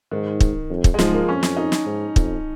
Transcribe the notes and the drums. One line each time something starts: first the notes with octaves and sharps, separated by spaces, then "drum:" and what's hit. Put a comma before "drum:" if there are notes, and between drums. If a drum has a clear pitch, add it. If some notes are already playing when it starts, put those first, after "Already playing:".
G#2 D#3
drum: kick
F2
drum: kick
G#3
G#2 F3, drum: snare
A#3
F2 C#4
drum: snare
D#4
drum: snare
G#2
F2, drum: kick